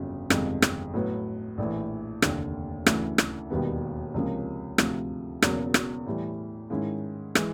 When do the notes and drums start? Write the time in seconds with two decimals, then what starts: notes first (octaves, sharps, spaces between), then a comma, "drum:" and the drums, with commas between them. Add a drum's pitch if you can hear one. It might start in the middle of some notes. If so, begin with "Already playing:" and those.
Already playing: G1 F2 C#3 F#3
0.30 G1 F2 C3 D#3 G#3, drum: rim click
0.62 drum: rim click
0.94 A2 F#3 B3
1.58 A#1 A2 E3
2.22 F1 D#2 D3, drum: rim click
2.86 D2 C#3 E3 A3, drum: rim click
3.18 drum: rim click
3.50 E1 D#2 D#3 G3 B3
4.14 C#2 C3 F3 A#3 C#4
4.78 D2 C3 F3 A3, drum: rim click
5.42 E1 E2 C#3 F#3 A#3, drum: rim click
5.74 drum: rim click
6.06 A2 E3 G3
6.70 G#2 D#3 G#3 C#4 E4
7.35 E3 G#3, drum: rim click